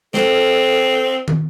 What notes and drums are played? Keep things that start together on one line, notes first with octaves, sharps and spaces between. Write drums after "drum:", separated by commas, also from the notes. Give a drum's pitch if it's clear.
C4 A4, drum: snare
drum: tom